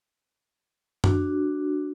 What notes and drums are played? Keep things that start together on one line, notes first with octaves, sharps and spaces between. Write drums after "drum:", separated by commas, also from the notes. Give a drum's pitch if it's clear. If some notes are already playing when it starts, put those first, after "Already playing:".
D4 F#4, drum: tom F#2